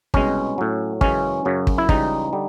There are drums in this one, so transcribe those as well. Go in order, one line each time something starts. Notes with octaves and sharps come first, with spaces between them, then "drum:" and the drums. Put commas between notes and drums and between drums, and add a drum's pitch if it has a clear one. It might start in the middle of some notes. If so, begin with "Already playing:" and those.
C2 B2 G#3 C#4, drum: kick
A2 F#3
F#2 C#3 E3 G#3 C#4, drum: kick
F#2 C#3 F#3
drum: kick
E4
C#2 C#3 E3 G3 D#4, drum: kick
D3 G3